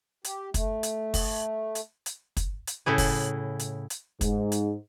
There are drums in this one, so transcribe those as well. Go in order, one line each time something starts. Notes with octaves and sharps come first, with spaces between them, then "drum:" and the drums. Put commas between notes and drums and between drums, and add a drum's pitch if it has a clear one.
G4, drum: hi-hat
A3, drum: kick, hi-hat
drum: hi-hat
drum: kick, open hi-hat
drum: hi-hat
drum: hi-hat
drum: kick, hi-hat
drum: hi-hat
A2 C#3 E4 G#4
drum: kick, open hi-hat
drum: hi-hat
drum: hi-hat
G#2, drum: kick, hi-hat
drum: hi-hat